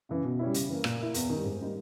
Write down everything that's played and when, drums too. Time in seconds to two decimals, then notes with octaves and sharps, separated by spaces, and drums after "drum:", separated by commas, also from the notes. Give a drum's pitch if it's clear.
0.09 C#3 E3
0.24 B2
0.39 G3 C#4 E4
0.54 C#3, drum: hi-hat
0.69 E3 A#3
0.84 A#2, drum: rim click
0.99 A#3 E4
1.14 E2, drum: hi-hat
1.29 D#3 G3
1.44 G#2
1.59 G3 A#3 D#4